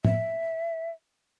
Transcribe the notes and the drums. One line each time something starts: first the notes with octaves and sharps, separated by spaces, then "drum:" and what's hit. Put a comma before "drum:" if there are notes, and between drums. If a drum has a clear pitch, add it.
E5, drum: tom